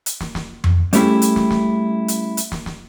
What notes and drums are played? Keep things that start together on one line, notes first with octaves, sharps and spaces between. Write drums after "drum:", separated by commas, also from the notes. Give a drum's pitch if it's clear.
drum: hi-hat
drum: snare
drum: snare
drum: tom F2
G3 A3 C#4 E4 G4 G#4, drum: hi-hat
drum: hi-hat
drum: snare
drum: snare
drum: hi-hat
drum: hi-hat
drum: snare
drum: snare